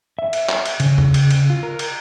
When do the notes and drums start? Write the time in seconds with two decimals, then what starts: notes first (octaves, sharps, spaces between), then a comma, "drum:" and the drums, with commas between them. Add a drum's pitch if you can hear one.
0.19 E5
0.33 drum: cymbal
0.49 drum: clap
0.66 drum: cymbal
0.80 C#3, drum: cymbal
0.98 drum: tom E2
1.14 drum: cymbal
1.31 drum: cymbal
1.50 F4
1.63 A#4
1.79 drum: cymbal